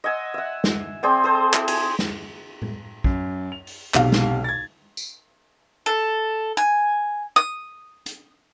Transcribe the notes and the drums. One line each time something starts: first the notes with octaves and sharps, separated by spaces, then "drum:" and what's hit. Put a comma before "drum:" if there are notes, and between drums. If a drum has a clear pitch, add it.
D#5 F#5 G#5 E6
E5 F#5
drum: snare
C4 G#4 D5 G5
G#4 A4 C5
E4, drum: clap
G#5, drum: cymbal
drum: snare
drum: tom A2
F#2, drum: kick
F7
drum: open hi-hat
B1 C3 F5, drum: clap
drum: snare
G#6 A6
drum: tambourine
A4
G#5
D#6
drum: hi-hat